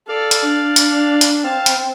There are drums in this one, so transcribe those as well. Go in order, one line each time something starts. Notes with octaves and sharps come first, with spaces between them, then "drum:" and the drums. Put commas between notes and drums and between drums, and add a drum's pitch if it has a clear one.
A4 D5 F5
drum: hi-hat
D4
drum: hi-hat
drum: hi-hat
C4 F5 A5
drum: hi-hat